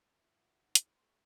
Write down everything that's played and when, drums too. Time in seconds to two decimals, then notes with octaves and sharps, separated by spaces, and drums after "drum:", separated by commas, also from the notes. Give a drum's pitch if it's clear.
0.17 C#4 F4 E5
0.33 F#5
0.63 D#4
0.75 E4, drum: hi-hat
0.95 C#4 A4 C6 C#6
1.06 E5